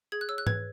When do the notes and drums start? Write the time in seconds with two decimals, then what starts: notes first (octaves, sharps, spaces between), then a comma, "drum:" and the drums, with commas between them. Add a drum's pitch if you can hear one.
0.12 G#4 G#6
0.21 F#6
0.29 C#5 E6
0.38 F#6
0.47 B4 G#6, drum: tom G#2